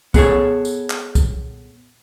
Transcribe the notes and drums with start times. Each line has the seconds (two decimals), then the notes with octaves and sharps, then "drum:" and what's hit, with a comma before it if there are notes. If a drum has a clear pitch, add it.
0.14 B3 G#4 A4 C#5, drum: kick B1, tambourine
0.65 drum: tambourine
0.90 drum: clap
1.15 drum: kick B1, tambourine